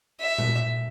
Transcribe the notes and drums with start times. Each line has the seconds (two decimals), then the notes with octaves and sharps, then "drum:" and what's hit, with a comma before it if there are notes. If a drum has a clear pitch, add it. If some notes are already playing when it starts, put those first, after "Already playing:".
0.21 E5
0.38 drum: tom A#2